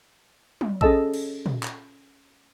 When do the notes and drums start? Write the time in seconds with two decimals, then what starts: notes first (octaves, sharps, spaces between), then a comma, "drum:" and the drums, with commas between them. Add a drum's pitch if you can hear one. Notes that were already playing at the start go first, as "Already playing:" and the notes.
0.61 drum: tom
0.81 C#4 G#4 A4 D#5 A5 E6, drum: kick A1
1.14 drum: cymbal
1.46 drum: tom A#2
1.63 drum: clap